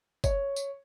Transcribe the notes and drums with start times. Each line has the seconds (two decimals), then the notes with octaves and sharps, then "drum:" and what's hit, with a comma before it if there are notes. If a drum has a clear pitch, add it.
0.24 C#5, drum: kick F#1, tambourine
0.56 drum: tambourine